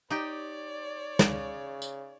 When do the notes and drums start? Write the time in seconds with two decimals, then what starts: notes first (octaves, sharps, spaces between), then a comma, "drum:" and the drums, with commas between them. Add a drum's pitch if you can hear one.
0.10 D#4 G4 C#5 D5 G5
1.19 C#3, drum: snare
1.82 drum: tambourine